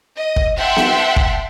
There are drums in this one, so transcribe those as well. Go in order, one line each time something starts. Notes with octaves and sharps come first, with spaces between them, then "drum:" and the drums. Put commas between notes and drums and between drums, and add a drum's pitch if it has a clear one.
D#5
drum: kick
E5 F#5 G5 A5 C6
drum: snare B3
drum: kick